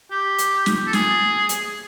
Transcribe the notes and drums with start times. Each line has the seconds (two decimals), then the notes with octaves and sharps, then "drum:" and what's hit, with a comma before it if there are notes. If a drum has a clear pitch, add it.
0.11 G4
0.38 drum: hi-hat
0.66 drum: snare
0.87 A4
0.93 G#4, drum: snare
1.49 drum: hi-hat